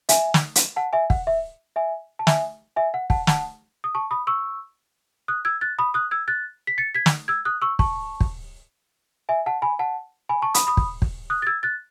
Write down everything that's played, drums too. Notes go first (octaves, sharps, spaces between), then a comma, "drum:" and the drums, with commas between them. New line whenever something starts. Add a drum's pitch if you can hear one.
E5 G#5, drum: hi-hat
drum: snare
drum: hi-hat
F#5 A5
E5 G#5
F#5, drum: kick
E5
E5 G#5
A5
E5 G#5, drum: snare
E5 G#5
F#5
F#5 A5, drum: kick
F#5 A5, drum: snare
D#6
A5 C#6
B5 D#6
C#6 E6
D#6 F#6
E6 G#6
F#6 A6
B5 D#6
D#6 F#6
E6 G#6
F#6 A6
B6
A6 C#7
G#6 B6
drum: snare
E6 G#6
D#6 F#6
C#6 E6
A5 C#6, drum: kick
drum: kick
E5 G#5
F#5 A5
G#5 B5
F#5 A5
G#5 B5
A5 C#6
B5 D#6, drum: hi-hat
B5 D#6
drum: kick
drum: kick
D#6 F#6
A6
E6 G#6
F#6 A6